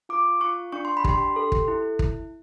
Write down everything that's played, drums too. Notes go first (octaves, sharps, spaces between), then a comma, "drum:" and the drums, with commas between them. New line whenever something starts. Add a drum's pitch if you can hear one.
F4 D6
F4 C#6
D4 C#6
C6
B5
G4 C6, drum: kick
A4
drum: kick
E4
drum: kick